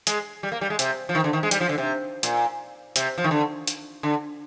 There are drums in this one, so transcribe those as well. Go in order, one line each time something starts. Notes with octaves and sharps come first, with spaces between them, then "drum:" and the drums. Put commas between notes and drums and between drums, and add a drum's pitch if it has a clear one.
G#3, drum: hi-hat
G3
A#3
G3
G#3
C3, drum: hi-hat
F3
D#3
D3
D#3
G#3
G3, drum: hi-hat
F3
D3
C3
A#2, drum: hi-hat
C3, drum: hi-hat
F3
D#3
D3
drum: hi-hat
D3